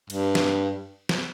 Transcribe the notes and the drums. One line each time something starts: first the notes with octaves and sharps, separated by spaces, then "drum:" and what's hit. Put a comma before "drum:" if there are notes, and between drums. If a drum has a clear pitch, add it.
G2, drum: cymbal
drum: snare
drum: snare